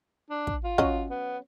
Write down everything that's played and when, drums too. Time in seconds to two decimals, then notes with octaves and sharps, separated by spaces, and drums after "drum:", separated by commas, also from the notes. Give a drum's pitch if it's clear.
0.30 D4
0.47 drum: kick
0.64 F4
0.78 F#3 C#4 D#5, drum: kick
1.10 B3